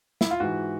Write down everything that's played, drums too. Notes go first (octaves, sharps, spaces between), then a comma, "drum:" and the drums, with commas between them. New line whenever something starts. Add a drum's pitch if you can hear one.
E4, drum: snare
F4
G#2 E3 F#4